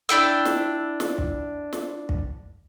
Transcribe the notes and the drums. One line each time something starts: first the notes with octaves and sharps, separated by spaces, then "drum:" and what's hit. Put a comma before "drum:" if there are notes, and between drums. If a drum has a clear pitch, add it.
D4 E4 G5 E6
drum: snare
drum: snare
drum: kick
drum: snare
drum: kick